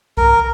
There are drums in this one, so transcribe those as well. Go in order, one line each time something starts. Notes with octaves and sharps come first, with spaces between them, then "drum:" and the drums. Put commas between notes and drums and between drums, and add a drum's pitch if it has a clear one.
A#4, drum: kick C2